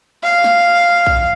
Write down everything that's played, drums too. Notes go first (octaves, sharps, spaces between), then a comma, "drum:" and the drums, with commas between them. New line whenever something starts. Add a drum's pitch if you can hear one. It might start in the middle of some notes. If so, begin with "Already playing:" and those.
F5
drum: snare
drum: kick A#1